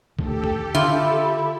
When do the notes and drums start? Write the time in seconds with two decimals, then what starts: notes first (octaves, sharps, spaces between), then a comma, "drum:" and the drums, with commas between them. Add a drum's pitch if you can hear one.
0.19 D#3 A3 D4 G4 A4, drum: kick
0.44 drum: tom E2
0.75 D3 E4 F4